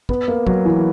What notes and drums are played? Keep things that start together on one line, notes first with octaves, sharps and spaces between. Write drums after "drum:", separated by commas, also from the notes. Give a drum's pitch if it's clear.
B3, drum: kick
A#3
F#3, drum: kick
E3